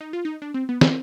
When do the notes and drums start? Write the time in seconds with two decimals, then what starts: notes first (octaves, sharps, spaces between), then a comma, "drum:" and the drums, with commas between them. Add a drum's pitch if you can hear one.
0.01 D#4
0.13 F4
0.25 D#4
0.42 D4
0.54 C4
0.69 B3
0.81 C4, drum: snare